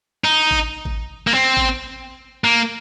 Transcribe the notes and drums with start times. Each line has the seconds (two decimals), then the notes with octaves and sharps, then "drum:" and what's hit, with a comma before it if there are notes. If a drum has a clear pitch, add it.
0.24 D#4
0.51 drum: kick G#1
0.85 drum: kick G#1
1.27 A#3
1.34 C4
1.57 drum: kick G#1
2.44 A#3